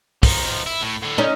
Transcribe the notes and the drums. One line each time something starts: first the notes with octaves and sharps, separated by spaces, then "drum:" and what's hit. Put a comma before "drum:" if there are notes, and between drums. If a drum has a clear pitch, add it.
F3 D#4, drum: kick, open hi-hat
E4
A2
A2 D3
C#4 D#4 D#5